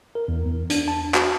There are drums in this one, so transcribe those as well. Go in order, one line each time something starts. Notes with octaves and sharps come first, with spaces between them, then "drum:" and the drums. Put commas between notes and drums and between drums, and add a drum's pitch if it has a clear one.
A#4
E2
E2
D4, drum: hi-hat
A5
F#4, drum: clap